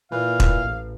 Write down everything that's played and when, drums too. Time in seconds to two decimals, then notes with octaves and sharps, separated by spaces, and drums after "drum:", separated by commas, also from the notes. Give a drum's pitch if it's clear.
0.12 A#2 E3 F5
0.40 drum: kick E1
0.61 A1